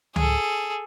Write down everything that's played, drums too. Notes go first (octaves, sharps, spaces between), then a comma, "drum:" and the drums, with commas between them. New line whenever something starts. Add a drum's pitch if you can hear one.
G#4 A4, drum: tom C#2